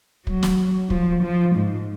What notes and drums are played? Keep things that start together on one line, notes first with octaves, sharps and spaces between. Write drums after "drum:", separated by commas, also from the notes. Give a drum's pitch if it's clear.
F#3, drum: kick
drum: snare
F3, drum: kick
F3
G#2